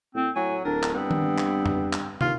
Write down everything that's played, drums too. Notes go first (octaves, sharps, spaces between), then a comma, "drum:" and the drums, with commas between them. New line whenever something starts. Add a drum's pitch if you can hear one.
A2 C4
A2 F#3 G#5
D1 D4 A#4
drum: clap
G2 B3 C4
drum: tom D#3
drum: clap
drum: tom F2
drum: clap
D#2 F4, drum: tom